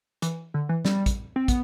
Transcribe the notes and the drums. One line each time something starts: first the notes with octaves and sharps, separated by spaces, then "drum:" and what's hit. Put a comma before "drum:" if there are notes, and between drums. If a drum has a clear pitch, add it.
E3, drum: hi-hat
D3
E3
G3, drum: snare
drum: kick, hi-hat
C4
B3, drum: kick, hi-hat